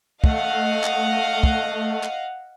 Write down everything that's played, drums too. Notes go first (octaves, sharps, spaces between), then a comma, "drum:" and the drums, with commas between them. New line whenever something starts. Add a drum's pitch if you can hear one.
A3 D#5 F5 F#5, drum: kick
drum: clap
drum: kick
drum: clap